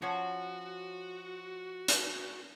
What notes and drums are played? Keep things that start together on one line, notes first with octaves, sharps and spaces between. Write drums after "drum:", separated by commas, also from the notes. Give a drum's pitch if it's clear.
F3 C#4 F#4 C#5 F#5
drum: hi-hat